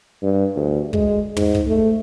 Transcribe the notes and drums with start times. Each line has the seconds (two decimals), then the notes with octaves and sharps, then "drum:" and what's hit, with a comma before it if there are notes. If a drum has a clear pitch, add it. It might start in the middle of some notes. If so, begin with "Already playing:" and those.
0.22 G2
0.56 D2
0.93 G#3, drum: kick
1.37 G#2, drum: tom
1.55 drum: kick
1.67 A3